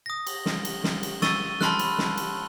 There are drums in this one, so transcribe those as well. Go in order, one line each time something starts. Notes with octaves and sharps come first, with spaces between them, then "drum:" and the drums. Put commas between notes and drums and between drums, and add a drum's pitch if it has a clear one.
D#6 A#6
drum: cymbal
drum: snare
drum: cymbal
drum: snare
drum: cymbal
C#6 E6 A6 D#7 G7, drum: snare
A5 B5 C6 F6 F#6, drum: snare
drum: cymbal
drum: snare
drum: cymbal